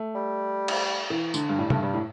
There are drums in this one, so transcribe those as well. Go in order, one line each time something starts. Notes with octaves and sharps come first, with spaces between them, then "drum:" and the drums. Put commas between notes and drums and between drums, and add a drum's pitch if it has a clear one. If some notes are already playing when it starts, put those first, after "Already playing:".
Already playing: A3
G3
drum: cymbal
E3
D3, drum: tambourine
G2
A2 G3
G2 A3, drum: tom
G2 G3
A2